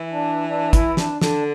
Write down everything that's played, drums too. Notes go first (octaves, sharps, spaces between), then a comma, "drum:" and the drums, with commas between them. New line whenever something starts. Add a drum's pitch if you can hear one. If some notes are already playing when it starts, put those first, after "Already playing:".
Already playing: E3
D4
D4
E4, drum: kick, hi-hat
D4, drum: snare
D3 D4, drum: snare